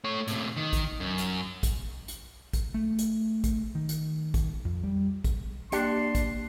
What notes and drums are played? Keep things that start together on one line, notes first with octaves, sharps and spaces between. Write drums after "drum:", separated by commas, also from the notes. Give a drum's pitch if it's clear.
A3 C#5
A2 C3, drum: hi-hat
D#3
drum: kick, hi-hat
F#2
drum: hi-hat
drum: kick, hi-hat
drum: hi-hat
drum: kick, hi-hat
A3
drum: hi-hat
drum: kick, hi-hat
D#3
drum: hi-hat
drum: kick, hi-hat
F2
G3
drum: kick, hi-hat
A#3 D4 G4 C6 F#6 C#7, drum: hi-hat
drum: kick, hi-hat